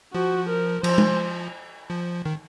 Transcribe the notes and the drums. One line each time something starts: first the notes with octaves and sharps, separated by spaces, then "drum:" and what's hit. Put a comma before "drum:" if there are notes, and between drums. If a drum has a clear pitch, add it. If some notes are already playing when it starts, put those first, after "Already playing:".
F3 F#4
A#4
F3 C5, drum: cymbal
drum: tom
F3
D#3